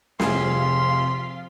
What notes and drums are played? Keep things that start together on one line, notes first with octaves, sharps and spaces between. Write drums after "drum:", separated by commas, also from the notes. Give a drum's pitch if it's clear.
F1 C3 F3 F4 G#4 F5 C6 B6, drum: snare